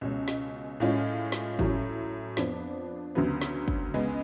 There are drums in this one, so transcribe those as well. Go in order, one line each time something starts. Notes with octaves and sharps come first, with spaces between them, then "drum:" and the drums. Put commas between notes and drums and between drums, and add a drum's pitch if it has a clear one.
C#2 B2 G#3 C#4
drum: snare
A2 G#3 C#4 F4
drum: snare
A2 F#3 C#4, drum: kick
F2 F3 B3 D4, drum: snare
D2 C#3 F#3 B3
drum: snare
drum: kick
C#2 C#3 G#3 B3